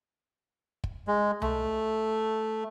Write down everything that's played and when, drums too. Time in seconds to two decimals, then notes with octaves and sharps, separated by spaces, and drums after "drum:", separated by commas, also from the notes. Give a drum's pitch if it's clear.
0.84 drum: kick
1.08 G#3
1.42 A3, drum: tom C2